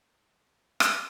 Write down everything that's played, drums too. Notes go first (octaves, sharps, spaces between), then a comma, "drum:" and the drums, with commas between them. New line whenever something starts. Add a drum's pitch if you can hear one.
F3
F3 C4 E4 G#4
drum: rim click